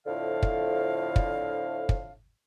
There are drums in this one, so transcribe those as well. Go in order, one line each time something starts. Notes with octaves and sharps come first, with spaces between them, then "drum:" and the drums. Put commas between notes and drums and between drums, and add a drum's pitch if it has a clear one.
F2 A2 D3 F5
drum: kick
drum: kick
drum: kick